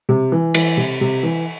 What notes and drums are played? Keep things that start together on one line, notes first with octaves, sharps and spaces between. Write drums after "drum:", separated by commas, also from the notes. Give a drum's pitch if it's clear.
C3
E3
E3, drum: cymbal
C3
C3
E3